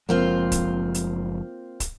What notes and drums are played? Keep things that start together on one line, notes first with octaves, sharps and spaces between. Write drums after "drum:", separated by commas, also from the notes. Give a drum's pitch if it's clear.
F#1 F3 G#3 A#3 C4 F4
drum: kick, hi-hat
drum: hi-hat
drum: kick, hi-hat